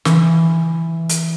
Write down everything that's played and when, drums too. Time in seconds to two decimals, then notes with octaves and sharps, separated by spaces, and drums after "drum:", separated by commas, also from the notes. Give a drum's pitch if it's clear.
0.05 E3, drum: snare
1.09 drum: hi-hat